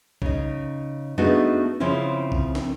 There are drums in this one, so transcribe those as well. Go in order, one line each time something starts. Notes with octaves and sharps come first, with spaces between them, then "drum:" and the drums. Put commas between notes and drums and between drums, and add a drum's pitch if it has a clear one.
C#3 D#4, drum: kick B1
A3 B3 D4 D#4 F#4 G#4
C#3 F3 C4 C#4 E4
drum: kick B1
drum: snare